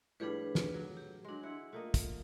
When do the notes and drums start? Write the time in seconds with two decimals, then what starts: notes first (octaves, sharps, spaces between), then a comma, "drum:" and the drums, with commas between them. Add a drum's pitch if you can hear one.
0.20 A2 F3 G3 D4 G#4 B4
0.55 drum: snare
0.74 F#3
0.97 G4
1.25 F#3 G#3 D4 C6
1.43 E4 F#5
1.73 A3 A#3 F4 D#5
1.94 drum: kick, hi-hat